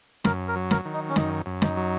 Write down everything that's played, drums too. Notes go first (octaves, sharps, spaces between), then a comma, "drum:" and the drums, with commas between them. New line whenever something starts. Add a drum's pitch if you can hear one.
F#2 A#4, drum: snare
A#4
F#3
A#4, drum: snare
D#3
D#4
C#4
F#2 D#4, drum: snare
F#2
D#4, drum: snare
F#3